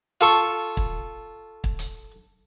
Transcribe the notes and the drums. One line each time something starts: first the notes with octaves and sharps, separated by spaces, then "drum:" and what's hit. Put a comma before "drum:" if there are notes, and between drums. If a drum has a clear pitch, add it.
F4 A4 C#6
drum: kick
drum: kick
drum: hi-hat